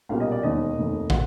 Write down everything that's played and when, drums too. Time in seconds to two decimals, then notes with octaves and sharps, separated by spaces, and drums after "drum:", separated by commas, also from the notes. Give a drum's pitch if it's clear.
0.09 B1 A#2 G3 A#3 F5
0.20 D#5
0.32 D5
0.43 E1 D#2 D#3 D#5
0.77 F1 D#2 D#3
1.10 F#5, drum: kick